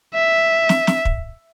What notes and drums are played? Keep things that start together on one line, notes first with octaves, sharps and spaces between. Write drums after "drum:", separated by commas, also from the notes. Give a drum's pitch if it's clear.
E5
drum: snare
drum: snare
drum: kick